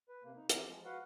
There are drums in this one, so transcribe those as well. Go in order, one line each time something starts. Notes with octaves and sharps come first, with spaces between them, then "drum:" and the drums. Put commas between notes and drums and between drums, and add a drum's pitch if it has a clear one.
B4
C3 A#3
D#4
E3 C4 G4 A#5, drum: hi-hat
F3 G#3
F#4 B4 F5 F#5